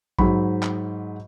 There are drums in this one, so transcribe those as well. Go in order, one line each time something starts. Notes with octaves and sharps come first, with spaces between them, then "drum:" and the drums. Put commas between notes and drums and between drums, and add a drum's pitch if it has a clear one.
G#2 F#3 B5, drum: kick A#1
drum: clap